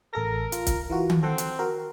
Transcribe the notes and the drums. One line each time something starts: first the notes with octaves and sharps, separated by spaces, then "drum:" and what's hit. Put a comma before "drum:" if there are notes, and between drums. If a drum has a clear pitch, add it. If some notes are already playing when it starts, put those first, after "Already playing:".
A1 A4 A#4 A#6
F4, drum: hi-hat
drum: kick, hi-hat
E3 F4 F#4
drum: tom D#3
C4 A4 F#5
drum: hi-hat
F#4 A#4